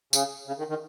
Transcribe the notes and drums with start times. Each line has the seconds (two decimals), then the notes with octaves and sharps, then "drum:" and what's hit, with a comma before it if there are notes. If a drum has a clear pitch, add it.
0.13 C#3, drum: tambourine
0.47 C#3
0.59 D#3
0.69 D#3